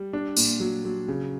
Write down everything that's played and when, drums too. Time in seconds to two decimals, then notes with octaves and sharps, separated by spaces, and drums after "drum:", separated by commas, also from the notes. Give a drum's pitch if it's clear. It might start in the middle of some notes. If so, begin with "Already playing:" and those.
Already playing: G3
0.13 D4
0.37 A#2, drum: tambourine
0.60 F#3
0.85 F#3
1.08 C#3